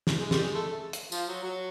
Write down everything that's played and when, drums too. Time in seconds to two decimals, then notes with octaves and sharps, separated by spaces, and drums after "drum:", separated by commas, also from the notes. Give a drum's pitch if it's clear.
0.07 drum: snare
0.20 G#3
0.31 G3, drum: snare
0.43 G#3
0.55 A3
0.93 drum: hi-hat
1.12 F3, drum: tambourine
1.28 F#3
1.43 F#3